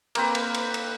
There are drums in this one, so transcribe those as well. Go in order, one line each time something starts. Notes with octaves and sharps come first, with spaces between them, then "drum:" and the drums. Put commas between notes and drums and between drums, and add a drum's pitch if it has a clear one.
A#3 C4 B4, drum: cymbal
drum: cymbal
drum: cymbal
drum: cymbal